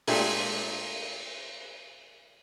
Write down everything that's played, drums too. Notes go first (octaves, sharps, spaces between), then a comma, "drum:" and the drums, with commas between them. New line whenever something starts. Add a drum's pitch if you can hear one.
A#2 G#3 A3 D4 G4 G#4, drum: open hi-hat